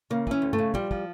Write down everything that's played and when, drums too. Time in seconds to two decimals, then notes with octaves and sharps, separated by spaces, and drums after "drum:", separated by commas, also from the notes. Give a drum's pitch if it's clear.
0.10 C#3 A#3
0.27 E3 C#4, drum: kick
0.42 D2
0.53 A3, drum: tom
0.58 C#3
0.74 F3 G3, drum: kick
0.91 F3, drum: kick